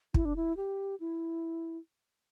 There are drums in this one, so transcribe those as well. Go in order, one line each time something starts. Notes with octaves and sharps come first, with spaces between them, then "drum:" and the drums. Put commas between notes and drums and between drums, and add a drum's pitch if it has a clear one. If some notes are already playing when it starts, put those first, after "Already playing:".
E4, drum: kick
D4
E4
G4
E4